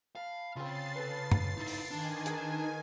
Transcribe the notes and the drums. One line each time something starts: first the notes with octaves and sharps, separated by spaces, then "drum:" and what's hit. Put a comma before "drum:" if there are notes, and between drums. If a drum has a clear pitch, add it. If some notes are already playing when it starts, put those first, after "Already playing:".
F5 A5 B5
C#3 C4 F4 A6 C7
A4 B4
drum: tom F#2
D#4 E4
drum: open hi-hat
D#3 D4 G#5
D#4 G#4, drum: hi-hat